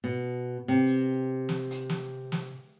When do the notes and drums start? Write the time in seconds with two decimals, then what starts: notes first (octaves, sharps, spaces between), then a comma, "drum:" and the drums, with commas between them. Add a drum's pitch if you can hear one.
0.04 B2
0.68 C3
1.49 drum: snare
1.71 drum: hi-hat
1.89 drum: snare
2.32 drum: snare